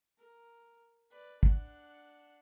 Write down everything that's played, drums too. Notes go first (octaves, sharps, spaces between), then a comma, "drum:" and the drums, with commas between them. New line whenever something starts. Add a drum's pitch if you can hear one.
A#4
B4 D5
D4 F#5, drum: kick